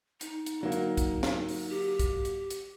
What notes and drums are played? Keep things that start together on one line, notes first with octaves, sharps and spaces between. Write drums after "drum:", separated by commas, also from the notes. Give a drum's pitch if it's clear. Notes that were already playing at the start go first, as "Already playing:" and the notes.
D#4, drum: hi-hat
drum: hi-hat
D3 F#3 A#3
drum: hi-hat
drum: kick, hi-hat
drum: snare
drum: open hi-hat
G4
drum: kick, hi-hat
drum: hi-hat
drum: hi-hat